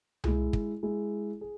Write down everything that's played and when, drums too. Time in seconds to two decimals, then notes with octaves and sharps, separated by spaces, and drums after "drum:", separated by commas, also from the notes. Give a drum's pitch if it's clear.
0.24 G#3 E4 G#4, drum: tom C2
0.53 drum: kick
0.83 G#3 E4 G#4
1.41 G#4